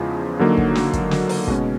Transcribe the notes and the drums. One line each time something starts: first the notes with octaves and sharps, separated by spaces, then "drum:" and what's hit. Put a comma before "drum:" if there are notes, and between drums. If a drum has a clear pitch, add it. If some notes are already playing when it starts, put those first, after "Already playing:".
Already playing: E2 C#3 F3 G#3
D3 F#3 A#3 D#4
drum: kick
drum: snare
drum: kick, hi-hat
drum: snare
drum: open hi-hat
B2 G#3 C#4, drum: kick